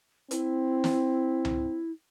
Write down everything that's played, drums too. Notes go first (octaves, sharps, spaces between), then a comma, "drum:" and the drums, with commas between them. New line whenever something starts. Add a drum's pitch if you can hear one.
C4 E4, drum: hi-hat
drum: snare
drum: tom C#2